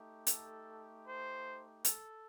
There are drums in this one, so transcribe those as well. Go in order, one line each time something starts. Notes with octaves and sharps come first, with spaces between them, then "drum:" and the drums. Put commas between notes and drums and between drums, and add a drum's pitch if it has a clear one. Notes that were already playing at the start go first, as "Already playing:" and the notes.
Already playing: A3 D#4 G4
A4, drum: hi-hat
C5
A4, drum: hi-hat